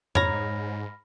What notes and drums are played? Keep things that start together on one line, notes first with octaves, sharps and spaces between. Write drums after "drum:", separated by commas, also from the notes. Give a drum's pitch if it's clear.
G#2 C#5 A#5 B5 F6 A#6, drum: tom F2